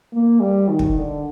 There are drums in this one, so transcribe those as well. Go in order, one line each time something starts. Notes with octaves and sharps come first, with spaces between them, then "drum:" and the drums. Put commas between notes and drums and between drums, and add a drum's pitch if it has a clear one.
A#3
G3
D#3
drum: kick
D3